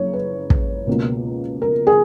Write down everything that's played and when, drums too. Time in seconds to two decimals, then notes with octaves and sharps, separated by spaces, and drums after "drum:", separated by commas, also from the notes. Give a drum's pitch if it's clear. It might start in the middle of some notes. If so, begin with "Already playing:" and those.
Already playing: F#1 C#5
0.13 B4
0.50 drum: kick
0.87 C#2 B2 A#3
1.62 A#4
1.87 G#4